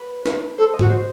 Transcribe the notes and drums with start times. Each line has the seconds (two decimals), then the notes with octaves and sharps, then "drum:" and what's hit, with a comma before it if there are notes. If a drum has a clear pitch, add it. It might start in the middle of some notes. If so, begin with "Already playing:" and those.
Already playing: B4
0.26 B4, drum: snare
0.58 A4 C5
0.74 D#5
0.79 F#4, drum: tom
0.90 C5